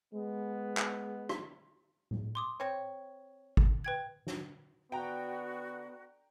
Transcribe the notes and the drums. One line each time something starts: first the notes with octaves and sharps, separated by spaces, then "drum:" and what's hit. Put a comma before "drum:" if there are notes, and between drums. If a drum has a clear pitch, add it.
G#3 B3
drum: clap
drum: rim click
drum: tom A2
C6 D6 D#6
C4 C#5
drum: kick
B4 G5 G#6
drum: snare
D3 B3 F#4 G5 A#5